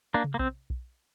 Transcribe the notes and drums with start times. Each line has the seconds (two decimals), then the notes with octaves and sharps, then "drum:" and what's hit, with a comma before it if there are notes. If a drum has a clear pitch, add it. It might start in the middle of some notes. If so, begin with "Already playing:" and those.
0.14 A#3 D4
0.24 drum: tom C3
0.34 A#3
0.39 C4, drum: kick
0.70 drum: kick